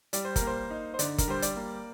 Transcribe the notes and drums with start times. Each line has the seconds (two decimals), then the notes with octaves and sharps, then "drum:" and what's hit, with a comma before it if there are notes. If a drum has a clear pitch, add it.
0.13 G3 D5, drum: hi-hat
0.25 C5
0.36 A#4, drum: kick, hi-hat
0.42 A#3
0.47 C5
0.71 D#4
0.94 C5
0.99 D3 D5, drum: hi-hat
1.18 A#4, drum: kick, hi-hat
1.28 G3 C5
1.42 D5, drum: hi-hat
1.56 A#3